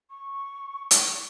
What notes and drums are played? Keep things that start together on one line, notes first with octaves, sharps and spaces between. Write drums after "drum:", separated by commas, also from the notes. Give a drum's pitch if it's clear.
C#6
drum: hi-hat